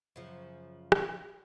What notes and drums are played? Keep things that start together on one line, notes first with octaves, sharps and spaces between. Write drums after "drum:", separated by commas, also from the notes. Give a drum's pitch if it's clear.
F#2 C#3 F3
drum: rim click